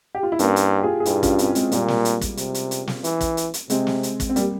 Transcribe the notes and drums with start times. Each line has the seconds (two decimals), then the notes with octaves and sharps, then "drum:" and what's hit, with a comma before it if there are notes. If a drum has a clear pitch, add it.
0.15 G4
0.23 F4
0.32 E4
0.39 G2 A#3 C#4, drum: hi-hat
0.56 drum: hi-hat
0.79 G4
0.83 F4 G#4
1.00 G#4
1.05 G2 E4 G4, drum: hi-hat
1.23 C#4 F4, drum: kick, hi-hat
1.39 C4 E4, drum: hi-hat
1.55 G#3 C4, drum: hi-hat
1.72 A#2 G3 A#3, drum: hi-hat
1.88 drum: snare
2.05 drum: hi-hat
2.21 drum: kick, hi-hat
2.37 C3, drum: hi-hat
2.54 drum: hi-hat
2.71 drum: hi-hat
2.88 drum: snare
3.04 E3, drum: hi-hat
3.21 drum: kick, hi-hat
3.37 drum: hi-hat
3.54 drum: hi-hat
3.70 C3 G#3 C4, drum: hi-hat
3.87 drum: snare
4.03 drum: hi-hat
4.20 drum: kick, hi-hat
4.29 C4
4.36 G3 A#3, drum: hi-hat